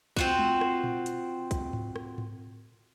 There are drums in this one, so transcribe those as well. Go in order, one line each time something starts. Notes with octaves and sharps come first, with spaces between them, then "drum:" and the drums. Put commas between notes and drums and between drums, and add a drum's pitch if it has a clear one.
C4 F4 F#4, drum: kick
drum: tom G#3
drum: rim click
drum: tom A#2
drum: hi-hat
drum: kick, hi-hat
drum: tom G#2
drum: rim click
drum: tom G#2